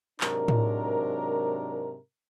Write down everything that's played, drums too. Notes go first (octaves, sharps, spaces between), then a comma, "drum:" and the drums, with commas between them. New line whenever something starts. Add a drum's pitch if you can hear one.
G#2 C3 F#3 D4 A#4, drum: clap
drum: tom A2